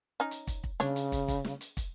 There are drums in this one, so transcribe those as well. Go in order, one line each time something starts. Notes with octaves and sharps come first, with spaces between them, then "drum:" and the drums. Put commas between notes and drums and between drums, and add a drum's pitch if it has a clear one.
C#4 D#4
drum: hi-hat
drum: kick, hi-hat
drum: kick
C#3 D4 C#5, drum: snare
drum: hi-hat
drum: kick, hi-hat
drum: kick, hi-hat
drum: snare
drum: hi-hat
drum: kick, hi-hat